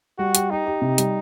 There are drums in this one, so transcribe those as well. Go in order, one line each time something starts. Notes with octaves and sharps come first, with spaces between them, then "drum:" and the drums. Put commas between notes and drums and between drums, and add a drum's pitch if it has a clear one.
G3 F#4
G4, drum: hi-hat
D#4 G4
G4
C3
G3, drum: hi-hat